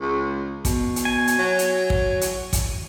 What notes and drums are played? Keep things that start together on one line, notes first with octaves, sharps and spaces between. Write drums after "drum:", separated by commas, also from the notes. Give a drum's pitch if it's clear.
C#2
B2, drum: kick, hi-hat
drum: hi-hat
G#5
drum: hi-hat
F#3
drum: hi-hat
drum: kick
drum: hi-hat
drum: kick, hi-hat